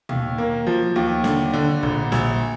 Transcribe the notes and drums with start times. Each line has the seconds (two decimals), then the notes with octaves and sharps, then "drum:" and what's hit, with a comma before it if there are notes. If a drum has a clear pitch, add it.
0.09 D#2, drum: tom
0.38 A#3
0.67 F3
0.96 D#2
1.24 D3, drum: snare
1.53 D3
1.83 A#1, drum: kick
2.12 A#1, drum: snare